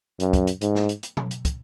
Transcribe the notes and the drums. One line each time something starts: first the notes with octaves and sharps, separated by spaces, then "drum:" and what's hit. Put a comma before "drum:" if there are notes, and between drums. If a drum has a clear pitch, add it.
F#2, drum: hi-hat
drum: kick, hi-hat
drum: hi-hat
G#2, drum: hi-hat
drum: snare
drum: hi-hat
drum: hi-hat
drum: tom B2
drum: hi-hat
drum: kick, hi-hat